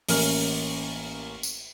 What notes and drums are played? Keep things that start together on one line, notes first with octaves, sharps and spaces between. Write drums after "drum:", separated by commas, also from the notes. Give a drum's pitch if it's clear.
A1 A#3 C#4 F6, drum: open hi-hat
drum: tambourine